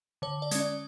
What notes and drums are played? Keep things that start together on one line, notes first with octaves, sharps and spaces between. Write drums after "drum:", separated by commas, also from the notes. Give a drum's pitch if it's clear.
D3 C#5
D5
G#3 C#4, drum: hi-hat
D5